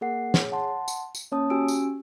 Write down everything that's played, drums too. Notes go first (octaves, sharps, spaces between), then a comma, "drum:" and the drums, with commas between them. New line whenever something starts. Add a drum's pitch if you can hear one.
A#3 G#4 A#4 F#5 C7
G#4 C#5, drum: snare
F#5 A5 C6
drum: tambourine
drum: tambourine
A#3 C#4 C#5 A5 D#6
C#4 F#4 G4 G#5 E6 D7
drum: tambourine